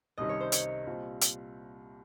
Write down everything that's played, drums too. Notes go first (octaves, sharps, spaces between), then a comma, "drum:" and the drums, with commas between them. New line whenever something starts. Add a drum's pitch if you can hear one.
C2 C3 D#3 G3 C#4 D#5
C#5
C5
C#5, drum: hi-hat
C2 A#2 G3 C4 F4
drum: hi-hat